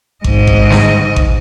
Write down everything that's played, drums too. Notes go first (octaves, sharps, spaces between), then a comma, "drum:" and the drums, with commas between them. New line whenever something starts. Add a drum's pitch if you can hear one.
G#2 D#5, drum: kick G#1
drum: kick G#1
drum: snare
drum: kick G#1